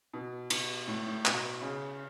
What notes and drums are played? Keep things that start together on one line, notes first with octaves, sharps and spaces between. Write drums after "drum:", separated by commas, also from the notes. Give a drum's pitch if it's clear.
B2
B2, drum: cymbal
A2
A2
B2, drum: clap
C#3